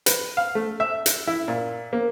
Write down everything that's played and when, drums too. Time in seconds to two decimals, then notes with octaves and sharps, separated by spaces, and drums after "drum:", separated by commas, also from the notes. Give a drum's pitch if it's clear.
0.06 B4, drum: hi-hat
0.37 F5
0.55 A3
0.80 E5
1.06 drum: hi-hat
1.27 E4
1.48 A#2
1.93 A#3